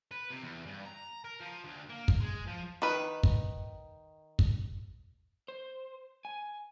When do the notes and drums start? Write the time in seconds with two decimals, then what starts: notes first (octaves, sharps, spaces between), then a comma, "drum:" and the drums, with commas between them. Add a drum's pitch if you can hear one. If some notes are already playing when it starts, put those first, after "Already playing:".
0.11 B4
0.30 C3
0.42 E2
0.66 G2
0.85 A#5
1.25 A#4
1.41 F3
1.64 D2
1.89 A#3
2.08 drum: kick
2.20 G#3
2.47 F3
2.82 D#3 B4
3.23 drum: kick
4.39 drum: kick
5.48 C5
6.25 G#5